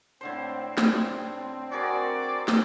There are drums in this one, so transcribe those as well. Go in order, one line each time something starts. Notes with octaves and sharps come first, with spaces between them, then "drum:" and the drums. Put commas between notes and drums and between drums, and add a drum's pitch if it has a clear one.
A2 D3 C4 C5
drum: snare
F#4 G#4 A#4 D5
drum: snare